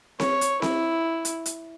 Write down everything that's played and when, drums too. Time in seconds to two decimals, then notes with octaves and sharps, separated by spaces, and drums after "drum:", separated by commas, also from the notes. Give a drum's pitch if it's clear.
0.20 C#5, drum: snare C4
0.41 drum: hi-hat
0.62 E4, drum: snare C4
1.25 drum: hi-hat
1.46 drum: hi-hat